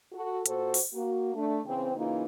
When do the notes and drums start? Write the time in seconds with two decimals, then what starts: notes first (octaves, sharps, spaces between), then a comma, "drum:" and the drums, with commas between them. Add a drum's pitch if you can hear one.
0.12 F#4 A4
0.46 A#2 F#4 A4 C5, drum: hi-hat
0.74 drum: open hi-hat
0.94 A#3 F#4
1.35 A3 D4
1.65 C#3 E3 C4
1.96 C#3 E3 A#3 D#4 F4